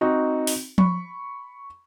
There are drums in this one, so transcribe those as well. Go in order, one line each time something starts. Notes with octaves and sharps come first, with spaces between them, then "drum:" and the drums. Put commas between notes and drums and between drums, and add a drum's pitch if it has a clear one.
C4 D#4 F#4
drum: open hi-hat
B5 C#6, drum: tom F3